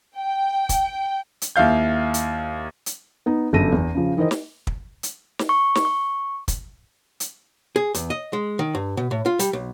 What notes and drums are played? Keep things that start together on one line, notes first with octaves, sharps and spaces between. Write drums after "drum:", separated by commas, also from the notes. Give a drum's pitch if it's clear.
G5
drum: kick, hi-hat
drum: hi-hat
D#2 E4 F5 G6
drum: hi-hat
drum: hi-hat
B3 D#4
G1 F#2 A4 A5 A#6 D#7
E2
C#3 F3
D#3 E3 A#4 C5 D#5
drum: snare
drum: kick
drum: hi-hat
drum: snare
C#6
drum: snare
C#6
drum: kick, hi-hat
drum: hi-hat
G#4
E2, drum: hi-hat
D#5
G#3
D#3
G2
B2
A2
F4
G3, drum: hi-hat
B1